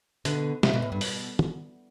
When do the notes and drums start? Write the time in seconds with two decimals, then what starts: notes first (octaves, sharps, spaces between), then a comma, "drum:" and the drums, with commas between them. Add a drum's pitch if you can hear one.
0.25 B2 D3, drum: hi-hat
0.63 C3, drum: snare
0.73 B2
0.82 A2
0.92 G2
1.01 B2, drum: open hi-hat
1.39 drum: tom